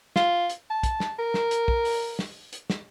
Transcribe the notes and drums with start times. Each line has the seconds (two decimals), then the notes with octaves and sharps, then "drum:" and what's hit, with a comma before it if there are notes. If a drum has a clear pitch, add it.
0.16 F4, drum: snare
0.50 drum: hi-hat
0.70 A5
0.83 drum: kick, hi-hat
1.00 drum: snare
1.19 A#4
1.34 drum: snare
1.51 drum: hi-hat
1.68 drum: kick
1.85 drum: open hi-hat
2.19 drum: snare
2.53 drum: hi-hat
2.70 drum: snare